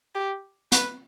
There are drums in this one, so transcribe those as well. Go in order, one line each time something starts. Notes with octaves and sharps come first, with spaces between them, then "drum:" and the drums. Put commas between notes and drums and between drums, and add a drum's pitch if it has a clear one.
G4
B4, drum: hi-hat